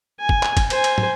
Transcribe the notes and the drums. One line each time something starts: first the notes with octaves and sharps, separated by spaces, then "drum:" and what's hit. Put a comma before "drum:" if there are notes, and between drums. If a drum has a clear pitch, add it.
G#5
drum: kick
drum: clap
drum: kick, cymbal
C5 G#5, drum: cymbal
drum: cymbal
drum: tom